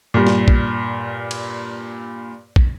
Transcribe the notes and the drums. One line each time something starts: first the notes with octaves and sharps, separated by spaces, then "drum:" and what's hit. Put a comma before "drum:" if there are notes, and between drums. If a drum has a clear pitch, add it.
G2 A#2
drum: snare
drum: kick
drum: cymbal
drum: kick